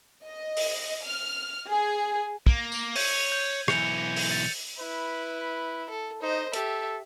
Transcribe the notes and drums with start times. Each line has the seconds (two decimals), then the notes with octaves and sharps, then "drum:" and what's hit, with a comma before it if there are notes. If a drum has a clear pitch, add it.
0.23 D#5
0.57 drum: open hi-hat
1.04 F6
1.70 G#4
2.47 A#3, drum: kick
2.72 drum: tambourine
2.96 C#5 G6 G#6 D#7, drum: open hi-hat
3.32 G6
3.68 B1 E3 G6 C#7 F7, drum: rim click
4.16 drum: open hi-hat
4.31 A6
4.80 E4 B4
5.90 A4
6.22 D#4 C5 D#5
6.53 G4 A4 E5, drum: hi-hat